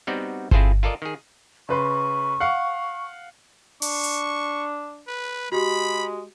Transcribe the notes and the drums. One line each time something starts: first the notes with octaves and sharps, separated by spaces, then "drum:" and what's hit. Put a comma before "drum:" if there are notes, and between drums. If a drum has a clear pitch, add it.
G3 B3 C4 D#4 F#4 D5
C4 E4 F4 G#4 A4 C5, drum: kick G1
F4 A4 A#4 D5 D#5
D#3 G#4
C#3 B4 C6 C#6
F5 F#5
D4 C#6, drum: open hi-hat
drum: hi-hat
B4
G#3 F#4 G4 B5